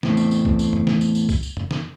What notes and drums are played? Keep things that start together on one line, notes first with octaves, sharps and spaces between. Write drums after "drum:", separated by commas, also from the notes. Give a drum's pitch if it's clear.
E2 A2 A3 C4, drum: snare
drum: tambourine
drum: tambourine
drum: kick
drum: tambourine
drum: tom
drum: snare
drum: tambourine
drum: tambourine
drum: kick, tambourine
drum: tambourine
drum: tom
drum: snare